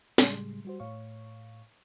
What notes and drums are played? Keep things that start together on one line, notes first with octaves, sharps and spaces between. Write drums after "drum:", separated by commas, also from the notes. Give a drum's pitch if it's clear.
A2 C#3 G3 G#3 G#4 C6, drum: snare
G3 F#4 C5
A2 C#5 F5 C#6